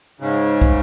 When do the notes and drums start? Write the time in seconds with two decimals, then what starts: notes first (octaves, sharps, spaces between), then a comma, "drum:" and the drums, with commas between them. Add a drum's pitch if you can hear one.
0.20 G#2 C#3
0.62 drum: kick